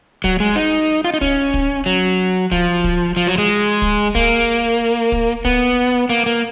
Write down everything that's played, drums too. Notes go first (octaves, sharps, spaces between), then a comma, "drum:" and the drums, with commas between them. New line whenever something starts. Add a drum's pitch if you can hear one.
F#3, drum: kick
G#3
D#4
F4
D#4
C#4, drum: kick
drum: kick
F#3
F3, drum: kick
drum: kick
F3
F#3
G#3
drum: kick
A#3, drum: kick
drum: kick
B3, drum: kick
A#3
A#3